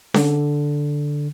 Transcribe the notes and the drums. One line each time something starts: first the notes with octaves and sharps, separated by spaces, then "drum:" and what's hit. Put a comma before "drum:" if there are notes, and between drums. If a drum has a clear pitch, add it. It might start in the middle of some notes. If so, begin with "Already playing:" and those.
D3, drum: snare C#4